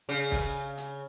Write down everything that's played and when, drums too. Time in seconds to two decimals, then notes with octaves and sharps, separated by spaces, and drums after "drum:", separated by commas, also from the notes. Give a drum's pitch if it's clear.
0.09 C#3
0.32 drum: kick, open hi-hat
0.78 drum: hi-hat